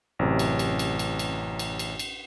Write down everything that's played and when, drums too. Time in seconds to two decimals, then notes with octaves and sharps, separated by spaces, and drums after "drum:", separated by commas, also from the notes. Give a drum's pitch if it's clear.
0.19 A1 F#2 C3
0.39 drum: cymbal
0.59 drum: cymbal
0.79 drum: cymbal
0.99 drum: cymbal
1.19 drum: cymbal
1.59 drum: cymbal
1.79 drum: cymbal
1.99 drum: cymbal